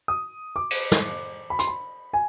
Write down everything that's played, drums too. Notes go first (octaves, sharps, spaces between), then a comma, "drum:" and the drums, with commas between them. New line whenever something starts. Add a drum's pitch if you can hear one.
D#6
D6
drum: cymbal
drum: snare
B5
C6, drum: hi-hat
B5
G#5